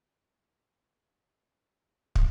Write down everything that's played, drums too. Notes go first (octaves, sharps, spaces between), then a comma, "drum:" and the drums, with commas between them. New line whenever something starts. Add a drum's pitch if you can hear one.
C3 D#3 G3
G5
F#5
C5 E5
B4 D#5
D#5 F#5
D#5 F#5
B2 A3 E5 G5
drum: kick